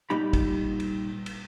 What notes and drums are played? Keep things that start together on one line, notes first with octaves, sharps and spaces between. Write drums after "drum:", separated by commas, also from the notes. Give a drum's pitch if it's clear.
A#2 G3 D#4 G4 B5
drum: kick, cymbal
drum: cymbal
drum: cymbal